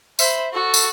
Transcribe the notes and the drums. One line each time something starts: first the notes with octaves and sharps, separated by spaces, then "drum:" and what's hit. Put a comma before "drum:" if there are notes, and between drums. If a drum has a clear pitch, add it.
C5 E5 B5, drum: tambourine
F#4 A4
drum: tambourine